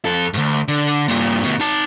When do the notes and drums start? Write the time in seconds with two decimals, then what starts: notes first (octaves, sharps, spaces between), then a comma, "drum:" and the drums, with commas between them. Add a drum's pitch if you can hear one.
0.05 F2 A4
0.34 D2 G2, drum: tambourine
0.68 D3, drum: tambourine
0.87 drum: tambourine
1.08 G2 A#2, drum: tambourine
1.44 D2 B2, drum: tambourine
1.60 D#4 A5, drum: tambourine